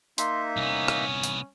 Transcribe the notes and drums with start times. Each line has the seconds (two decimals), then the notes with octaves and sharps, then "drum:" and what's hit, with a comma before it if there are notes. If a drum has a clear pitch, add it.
0.18 A#3 D#4 E5 C6, drum: hi-hat
0.57 C2 B3 C#4
0.88 drum: rim click
1.24 drum: hi-hat